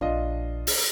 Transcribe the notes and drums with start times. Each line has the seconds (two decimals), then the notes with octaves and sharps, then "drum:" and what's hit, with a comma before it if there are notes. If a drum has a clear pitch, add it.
0.01 A#1 D4 F4 D#5
0.67 drum: open hi-hat